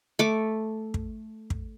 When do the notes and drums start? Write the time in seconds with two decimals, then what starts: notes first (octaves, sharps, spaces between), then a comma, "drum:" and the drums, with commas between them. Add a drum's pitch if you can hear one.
0.19 A3 D6
0.94 drum: kick
1.50 drum: kick